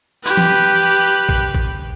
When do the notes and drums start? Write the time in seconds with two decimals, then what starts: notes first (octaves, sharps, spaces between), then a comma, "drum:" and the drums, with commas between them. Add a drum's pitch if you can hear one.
0.24 G4 B4
0.37 drum: tom E3
0.83 drum: hi-hat
1.29 drum: kick
1.55 drum: kick